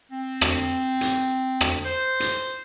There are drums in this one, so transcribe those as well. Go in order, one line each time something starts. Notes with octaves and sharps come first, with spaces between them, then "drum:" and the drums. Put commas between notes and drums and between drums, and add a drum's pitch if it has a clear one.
C4
drum: rim click
drum: hi-hat
drum: rim click
C5
drum: hi-hat